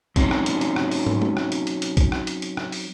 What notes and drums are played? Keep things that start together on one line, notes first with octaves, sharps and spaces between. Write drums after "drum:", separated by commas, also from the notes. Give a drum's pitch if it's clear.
F#3 C4 C#4 D#4, drum: kick, hi-hat
drum: rim click
drum: hi-hat
drum: hi-hat
drum: rim click
drum: open hi-hat
drum: tom
drum: tom G#3
drum: rim click
drum: hi-hat
drum: hi-hat
drum: hi-hat
drum: kick, hi-hat
drum: rim click
drum: hi-hat
drum: hi-hat
drum: rim click
drum: open hi-hat